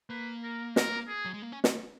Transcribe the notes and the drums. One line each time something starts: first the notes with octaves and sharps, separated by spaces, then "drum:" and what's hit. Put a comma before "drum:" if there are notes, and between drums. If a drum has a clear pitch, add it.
A#3 B4
A#4
A#4, drum: snare
G#4
F#3
G#3
A#3
C#4
drum: snare